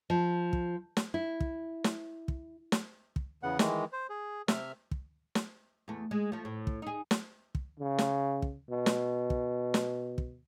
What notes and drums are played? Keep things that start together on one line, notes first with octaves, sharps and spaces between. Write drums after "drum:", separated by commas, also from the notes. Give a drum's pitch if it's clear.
F3
drum: kick
drum: snare
E4
drum: kick
drum: snare
drum: kick
drum: snare
drum: kick
E2 C#3 B3 F#5
D#3 E3 G#3, drum: snare
C5
G#4
C3 E5 F6, drum: snare
drum: kick
drum: snare
E2 A3
G#3
F3 A3
A2
drum: kick
D#4 G#4
drum: snare
drum: kick
C#3
drum: snare
drum: kick
B2
drum: snare
drum: kick
drum: snare
drum: kick